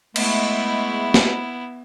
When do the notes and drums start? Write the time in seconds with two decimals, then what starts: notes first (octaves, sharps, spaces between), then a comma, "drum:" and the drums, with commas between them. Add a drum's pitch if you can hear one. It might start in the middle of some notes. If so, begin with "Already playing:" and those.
0.16 G#3 A3 B3 E4, drum: cymbal
1.14 drum: snare